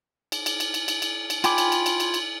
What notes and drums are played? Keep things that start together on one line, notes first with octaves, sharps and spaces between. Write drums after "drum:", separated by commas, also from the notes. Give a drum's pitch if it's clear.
drum: cymbal
drum: cymbal
drum: cymbal
drum: cymbal
drum: cymbal
drum: cymbal
drum: cymbal
F4 G5 G#5 B5 D6, drum: cymbal
drum: cymbal
drum: cymbal
drum: cymbal
drum: cymbal
drum: cymbal